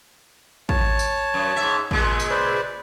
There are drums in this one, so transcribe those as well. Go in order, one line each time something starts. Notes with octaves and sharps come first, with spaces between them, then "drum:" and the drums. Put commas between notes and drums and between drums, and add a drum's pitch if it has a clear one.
C#5 A5, drum: kick
drum: tambourine
F#2
G#2 E5
A#2 C#3 G#3, drum: kick
drum: tambourine
B4 C5 D5